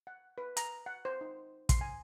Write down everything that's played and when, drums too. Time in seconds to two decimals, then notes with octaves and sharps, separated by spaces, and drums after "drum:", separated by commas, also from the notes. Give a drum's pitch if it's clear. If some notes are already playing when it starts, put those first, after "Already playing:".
0.07 F#5
0.38 B4
0.57 A#5, drum: hi-hat
0.86 F#5
1.05 C5
1.21 D#4
1.69 C6, drum: kick, hi-hat
1.81 G#5